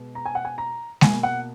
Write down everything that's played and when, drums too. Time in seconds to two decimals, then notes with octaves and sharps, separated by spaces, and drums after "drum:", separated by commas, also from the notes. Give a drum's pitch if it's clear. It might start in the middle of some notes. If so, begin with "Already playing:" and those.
Already playing: B2 G#3 B3
0.15 A#5
0.26 G#5
0.35 F#5
0.45 G#5
0.58 A#5
1.01 B2 A#3 G#5, drum: snare G#3
1.23 F#5